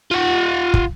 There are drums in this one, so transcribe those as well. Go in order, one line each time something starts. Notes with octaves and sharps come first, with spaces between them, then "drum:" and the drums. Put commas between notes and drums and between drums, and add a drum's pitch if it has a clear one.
F4 F#5
drum: kick